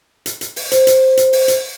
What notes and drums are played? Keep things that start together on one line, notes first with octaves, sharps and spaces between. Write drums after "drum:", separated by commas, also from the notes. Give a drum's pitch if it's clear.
drum: hi-hat
drum: hi-hat
drum: open hi-hat
C5, drum: hi-hat
drum: hi-hat
drum: hi-hat
drum: open hi-hat
drum: hi-hat